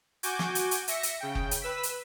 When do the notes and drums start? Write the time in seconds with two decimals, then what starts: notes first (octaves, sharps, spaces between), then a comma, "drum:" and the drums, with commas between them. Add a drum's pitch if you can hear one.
0.23 F#4 G#5 D6 G6, drum: hi-hat
0.39 drum: snare
0.55 drum: hi-hat
0.71 drum: hi-hat
0.88 E5 A#6 C#7, drum: hi-hat
1.03 drum: hi-hat
1.20 C#3 G5
1.35 drum: kick
1.51 drum: hi-hat
1.62 B4 E6 B6
1.83 drum: hi-hat